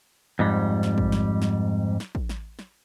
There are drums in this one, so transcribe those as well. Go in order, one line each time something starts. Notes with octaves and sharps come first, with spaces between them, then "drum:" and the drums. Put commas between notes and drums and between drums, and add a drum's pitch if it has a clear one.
F2 G#2 G3
drum: snare
drum: kick
drum: snare
drum: snare
drum: snare
drum: kick
drum: snare
drum: snare